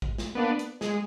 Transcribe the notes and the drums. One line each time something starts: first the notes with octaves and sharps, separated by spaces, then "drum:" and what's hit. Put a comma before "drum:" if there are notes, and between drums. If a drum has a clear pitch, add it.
drum: kick
drum: snare
A#3 B3 D4
drum: hi-hat
G#3, drum: snare